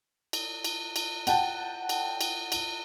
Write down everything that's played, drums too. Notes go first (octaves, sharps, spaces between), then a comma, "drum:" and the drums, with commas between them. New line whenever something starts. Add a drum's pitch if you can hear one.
drum: cymbal
drum: cymbal
drum: cymbal
F#5 G5 A5, drum: cymbal
drum: cymbal
drum: cymbal
drum: cymbal